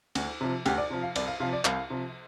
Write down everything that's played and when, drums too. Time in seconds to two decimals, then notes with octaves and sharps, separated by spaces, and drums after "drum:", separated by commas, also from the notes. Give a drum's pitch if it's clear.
0.15 D2, drum: cymbal
0.41 C3 F3
0.65 D2 G4, drum: cymbal
0.78 D5
0.90 C3 F3
1.02 F5
1.16 C2 D5, drum: cymbal
1.27 F5
1.40 C3 F3 F5
1.53 D5
1.65 C2 F5, drum: clap
1.90 C3 F3